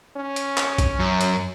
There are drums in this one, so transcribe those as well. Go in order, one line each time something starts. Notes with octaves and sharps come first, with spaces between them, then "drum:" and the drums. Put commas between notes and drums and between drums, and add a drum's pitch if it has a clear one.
C#4
drum: hi-hat
drum: clap
drum: kick B1, hi-hat
F#2
drum: hi-hat